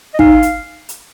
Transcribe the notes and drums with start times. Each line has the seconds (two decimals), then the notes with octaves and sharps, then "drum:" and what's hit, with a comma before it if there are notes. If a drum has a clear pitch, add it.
0.14 D#5
0.19 D#4 F5, drum: kick
0.43 drum: hi-hat
0.89 drum: hi-hat